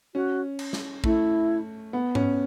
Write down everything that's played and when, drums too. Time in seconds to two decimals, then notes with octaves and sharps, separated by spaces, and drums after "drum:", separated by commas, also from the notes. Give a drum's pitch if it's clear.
0.14 C#4 F#4
0.59 drum: cymbal
0.73 drum: snare
1.04 A3 E4, drum: kick
1.93 B3
2.15 C#4, drum: tom G#2